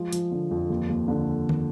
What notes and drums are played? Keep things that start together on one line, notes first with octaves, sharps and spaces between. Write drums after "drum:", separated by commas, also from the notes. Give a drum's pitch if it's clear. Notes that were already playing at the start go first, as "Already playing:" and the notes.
Already playing: F3 G#3
F3, drum: hi-hat
D3
F2
D#2
D#2
D3
drum: tom